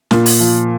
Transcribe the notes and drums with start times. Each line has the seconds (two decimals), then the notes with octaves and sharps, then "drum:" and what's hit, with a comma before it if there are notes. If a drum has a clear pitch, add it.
0.11 A#2, drum: snare
0.26 drum: open hi-hat
0.40 F3